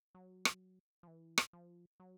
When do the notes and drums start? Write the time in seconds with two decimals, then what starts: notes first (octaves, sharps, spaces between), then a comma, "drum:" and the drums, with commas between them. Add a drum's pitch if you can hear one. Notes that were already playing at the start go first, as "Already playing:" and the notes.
0.15 F#3
0.45 drum: rim click
1.03 F3
1.07 E3
1.38 drum: rim click
1.53 F3
2.00 F#3